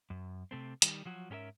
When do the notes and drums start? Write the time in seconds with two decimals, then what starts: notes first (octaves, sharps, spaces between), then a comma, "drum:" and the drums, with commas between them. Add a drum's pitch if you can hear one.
0.10 F#2
0.51 C3 A3 C4
0.82 D#3 G3, drum: hi-hat
1.05 F3 F#3 F#4
1.30 G#2 C#4 G4 A#4 E5